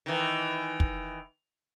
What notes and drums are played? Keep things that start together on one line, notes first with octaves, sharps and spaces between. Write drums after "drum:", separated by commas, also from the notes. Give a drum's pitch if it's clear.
D#3 E3
drum: kick